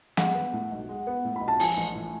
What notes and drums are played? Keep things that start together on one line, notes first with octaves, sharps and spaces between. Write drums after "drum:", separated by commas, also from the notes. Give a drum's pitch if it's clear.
G#3 F#5, drum: snare
B3
A2
B1
G#3
B3
A2
B5
B1
A5
F3 G#5, drum: open hi-hat
A1
A2